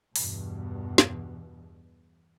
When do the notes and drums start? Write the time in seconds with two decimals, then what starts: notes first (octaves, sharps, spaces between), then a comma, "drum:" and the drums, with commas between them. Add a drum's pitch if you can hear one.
0.16 E2 G2 B2, drum: open hi-hat
0.98 drum: snare